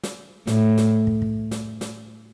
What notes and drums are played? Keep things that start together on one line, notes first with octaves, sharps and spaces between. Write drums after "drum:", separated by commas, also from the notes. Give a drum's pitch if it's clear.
drum: snare
A2, drum: snare
drum: snare
drum: kick
drum: kick
drum: snare
drum: snare